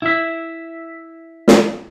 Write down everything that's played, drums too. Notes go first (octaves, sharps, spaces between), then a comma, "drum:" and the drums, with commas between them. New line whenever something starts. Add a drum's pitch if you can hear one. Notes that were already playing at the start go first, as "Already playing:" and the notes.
E4 E5
drum: snare